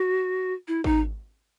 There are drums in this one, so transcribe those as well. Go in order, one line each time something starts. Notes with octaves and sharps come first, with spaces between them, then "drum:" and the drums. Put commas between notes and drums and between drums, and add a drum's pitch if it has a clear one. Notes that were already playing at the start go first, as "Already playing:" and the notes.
Already playing: F#4
E4
D#4, drum: kick G#1